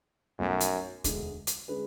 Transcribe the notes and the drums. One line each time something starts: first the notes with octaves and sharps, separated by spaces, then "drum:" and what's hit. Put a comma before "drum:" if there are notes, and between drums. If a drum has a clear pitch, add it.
B1 F#2 B2 A3
drum: hi-hat
E1 D2 D3 G#3, drum: kick, hi-hat
drum: hi-hat
D3 G#3 C#4 G#4 B4